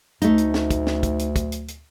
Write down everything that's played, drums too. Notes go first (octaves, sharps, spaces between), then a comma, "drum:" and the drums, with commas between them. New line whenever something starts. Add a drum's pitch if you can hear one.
D2 A3 D#4, drum: hi-hat
drum: hi-hat
drum: snare
drum: kick, hi-hat
drum: snare
drum: kick, hi-hat
drum: hi-hat
drum: kick, hi-hat
drum: hi-hat
drum: hi-hat